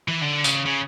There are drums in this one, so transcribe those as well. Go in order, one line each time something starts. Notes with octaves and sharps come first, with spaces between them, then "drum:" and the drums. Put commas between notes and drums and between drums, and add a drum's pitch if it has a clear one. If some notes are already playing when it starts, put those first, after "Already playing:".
E3
D3
C#3, drum: tambourine
C#3